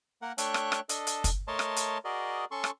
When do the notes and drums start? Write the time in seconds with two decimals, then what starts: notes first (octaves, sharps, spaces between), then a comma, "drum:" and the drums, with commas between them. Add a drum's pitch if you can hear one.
0.22 A#3 A#4 F#5
0.38 A3 D4 C#5 E5 G5 F#6, drum: hi-hat
0.54 drum: rim click
0.72 drum: rim click
0.89 D4 A4 D#5, drum: hi-hat
1.07 drum: hi-hat
1.24 drum: kick, hi-hat
1.48 A3 A#4 C#5 D#5 A5 C6
1.59 drum: rim click
1.76 drum: hi-hat
2.05 F#4 G#4 A#4 D5 D#5
2.51 C#4 A4 C6 C#6
2.64 drum: rim click